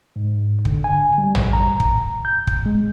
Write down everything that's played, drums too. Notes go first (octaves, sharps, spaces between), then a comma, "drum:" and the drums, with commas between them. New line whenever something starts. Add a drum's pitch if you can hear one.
G#2
D3, drum: kick
G#5
G3
drum: tom
A#5
drum: kick
G6
drum: kick
G#3